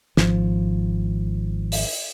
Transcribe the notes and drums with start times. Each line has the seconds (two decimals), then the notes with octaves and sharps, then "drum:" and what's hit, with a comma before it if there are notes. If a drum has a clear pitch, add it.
0.17 G#1 F3, drum: snare
1.72 drum: open hi-hat